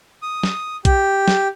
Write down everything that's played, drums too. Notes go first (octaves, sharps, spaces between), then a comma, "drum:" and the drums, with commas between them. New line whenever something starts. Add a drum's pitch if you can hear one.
D#6
drum: snare
G4, drum: kick A#1, hi-hat
drum: snare